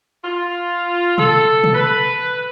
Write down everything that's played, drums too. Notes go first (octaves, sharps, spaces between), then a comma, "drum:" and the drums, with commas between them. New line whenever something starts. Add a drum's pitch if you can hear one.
F4
A4, drum: tom
drum: tom
B4